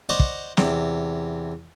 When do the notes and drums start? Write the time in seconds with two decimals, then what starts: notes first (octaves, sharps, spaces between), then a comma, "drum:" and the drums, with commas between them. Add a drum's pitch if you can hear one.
0.09 C5 D5 D#5 F#5 A#5 C#6
0.19 drum: kick
0.57 E2 C3, drum: snare